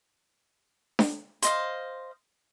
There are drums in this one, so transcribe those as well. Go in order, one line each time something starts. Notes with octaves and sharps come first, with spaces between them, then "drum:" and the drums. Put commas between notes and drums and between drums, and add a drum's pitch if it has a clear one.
drum: snare D4
C5 D#5 F5, drum: hi-hat